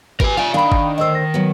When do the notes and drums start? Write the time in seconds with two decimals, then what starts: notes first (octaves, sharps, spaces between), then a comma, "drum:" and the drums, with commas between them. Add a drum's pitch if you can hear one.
0.20 G4 A#4 B4 G#5, drum: kick G1
0.37 F4 D5 E5 F5 G#5
0.54 D#3 D4 F5 G5 B5
0.72 drum: kick G1
0.98 D2 A#4 C5 D#5 E6
1.15 A#6
1.34 F#3 B3